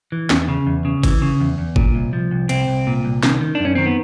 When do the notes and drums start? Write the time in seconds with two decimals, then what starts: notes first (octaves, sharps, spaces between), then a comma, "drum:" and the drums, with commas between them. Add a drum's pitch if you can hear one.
0.12 E3
0.30 E2, drum: snare
0.48 C#3
0.67 E2
0.85 C#3
1.03 E3, drum: kick G1, cymbal
1.22 C#3
1.40 E2
1.58 E2
1.76 A#2, drum: kick G1
1.95 C2
2.13 F3
2.31 C2
2.49 C2 C4, drum: cymbal
2.68 C2
2.87 A#2
3.05 C2
3.23 D#3, drum: snare
3.41 D#3
3.55 F#2 D4
3.65 C#4
3.75 D#3 C4
3.86 B3